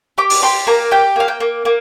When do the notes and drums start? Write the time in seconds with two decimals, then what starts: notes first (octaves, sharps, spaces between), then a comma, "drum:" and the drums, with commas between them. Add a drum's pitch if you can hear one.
0.18 G4 D6
0.30 drum: open hi-hat
0.43 G4 C6
0.67 A#3 A#5
0.91 G4 G5
1.16 A#3 F5
1.28 G5
1.40 A#3
1.65 A#3